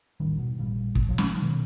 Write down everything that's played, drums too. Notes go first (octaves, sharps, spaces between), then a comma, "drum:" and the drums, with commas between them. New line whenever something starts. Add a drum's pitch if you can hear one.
A1 D#2 D#3 G3
B2
A1 A#2 G3
drum: kick
C3 F3 F#3
drum: snare
B2 D#3 F#3